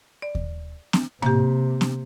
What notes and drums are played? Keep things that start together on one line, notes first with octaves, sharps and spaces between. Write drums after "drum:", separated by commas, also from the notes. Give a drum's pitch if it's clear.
D5
drum: kick D#2
drum: snare
C3 A#3 G4, drum: tom A2
drum: snare